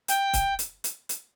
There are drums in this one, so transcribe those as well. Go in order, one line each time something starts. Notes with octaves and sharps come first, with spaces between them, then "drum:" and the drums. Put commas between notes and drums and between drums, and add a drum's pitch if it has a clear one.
G5, drum: hi-hat
drum: kick C#1, hi-hat
drum: hi-hat
drum: hi-hat
drum: hi-hat